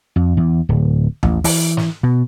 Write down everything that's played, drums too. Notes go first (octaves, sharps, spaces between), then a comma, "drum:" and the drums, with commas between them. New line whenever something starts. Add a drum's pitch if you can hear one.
F2
E2
D1
A1, drum: tom D#2
E3, drum: open hi-hat
drum: snare
B2